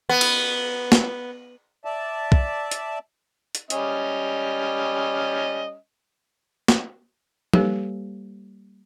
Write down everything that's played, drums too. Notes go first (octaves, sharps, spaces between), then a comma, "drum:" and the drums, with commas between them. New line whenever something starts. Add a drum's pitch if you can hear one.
B3
drum: cymbal
drum: snare
D5 E5 A5
drum: kick
drum: hi-hat
drum: hi-hat
G3 C#4 D#5, drum: hi-hat
drum: snare
G3 A#3 G4 A4 B4 C#5, drum: tom F3